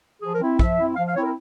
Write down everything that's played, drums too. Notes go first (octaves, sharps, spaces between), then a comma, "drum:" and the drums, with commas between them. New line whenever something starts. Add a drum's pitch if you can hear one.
F3 G#4
A#4
C4 E4
F3 E5, drum: kick
C4 E4
F3 F5
F5
C4 E4 C#5
A#4